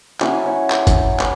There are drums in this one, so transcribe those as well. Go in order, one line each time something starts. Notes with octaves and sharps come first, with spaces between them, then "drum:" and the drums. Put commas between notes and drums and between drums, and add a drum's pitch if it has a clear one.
F#3 C#4 E4 E5 G#5, drum: clap
C#5 F#5
drum: clap
drum: kick G1, hi-hat
B4, drum: clap